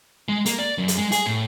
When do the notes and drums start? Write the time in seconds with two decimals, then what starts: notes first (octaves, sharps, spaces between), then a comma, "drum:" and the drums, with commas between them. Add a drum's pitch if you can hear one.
0.29 G#3
0.46 A#3, drum: hi-hat
0.59 D5
0.78 F#2
0.88 drum: hi-hat
0.98 G#3
1.12 G#4, drum: hi-hat
1.26 A2